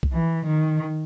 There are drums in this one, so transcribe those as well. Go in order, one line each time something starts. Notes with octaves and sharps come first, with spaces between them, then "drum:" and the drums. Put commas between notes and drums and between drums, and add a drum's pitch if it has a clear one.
drum: kick B1
E3
D#3